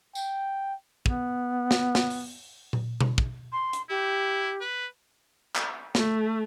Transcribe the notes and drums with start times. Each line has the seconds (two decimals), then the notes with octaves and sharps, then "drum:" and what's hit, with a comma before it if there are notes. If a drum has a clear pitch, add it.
0.15 G5, drum: tambourine
1.06 B3, drum: kick
1.71 drum: snare
1.95 drum: snare
2.10 drum: open hi-hat
2.73 drum: tom A#2
3.00 drum: tom B2
3.18 drum: kick
3.52 C6
3.73 drum: hi-hat
3.89 E4 G4
4.61 B4
5.56 drum: clap
5.95 A3, drum: snare